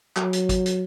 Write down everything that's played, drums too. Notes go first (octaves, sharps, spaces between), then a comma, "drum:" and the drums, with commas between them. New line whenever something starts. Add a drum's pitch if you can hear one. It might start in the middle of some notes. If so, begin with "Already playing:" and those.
F#3, drum: clap
drum: hi-hat
drum: kick, hi-hat
drum: hi-hat